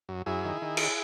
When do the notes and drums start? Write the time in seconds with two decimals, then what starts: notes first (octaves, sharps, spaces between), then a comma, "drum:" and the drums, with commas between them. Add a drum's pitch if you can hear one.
0.09 F#2
0.26 F#2 E4 G#4
0.45 D#3
0.62 D#3
0.77 drum: cymbal